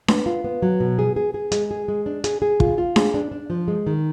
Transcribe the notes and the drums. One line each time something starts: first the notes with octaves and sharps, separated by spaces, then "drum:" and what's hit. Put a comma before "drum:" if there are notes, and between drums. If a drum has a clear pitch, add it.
B3, drum: snare D4
F4
B3
F#3
B2
G#4
G#4
G#4
G#3, drum: hi-hat
G#4
G#3
D4
G#4, drum: hi-hat
G#4
F4, drum: kick
F4
G#4, drum: snare D4
D4
D4
F3
G#3
D#3